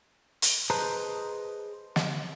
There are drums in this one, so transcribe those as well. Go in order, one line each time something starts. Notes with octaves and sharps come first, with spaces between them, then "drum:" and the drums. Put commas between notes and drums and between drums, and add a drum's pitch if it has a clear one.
drum: hi-hat
G#4 B4 C5 D#5 A5 A#5
drum: snare